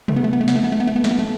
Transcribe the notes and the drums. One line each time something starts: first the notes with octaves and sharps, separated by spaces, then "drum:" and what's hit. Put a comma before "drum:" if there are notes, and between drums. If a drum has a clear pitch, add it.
A3, drum: tom C3
B3
A3
B3
A3
B3, drum: snare
A3
B3
A3
B3
A3
B3
A3, drum: snare
B3
A3